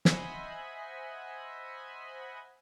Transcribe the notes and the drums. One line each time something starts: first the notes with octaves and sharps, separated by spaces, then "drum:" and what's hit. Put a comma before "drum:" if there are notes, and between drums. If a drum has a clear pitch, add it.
C5 D#5 E5 F#5 G#5 B5, drum: snare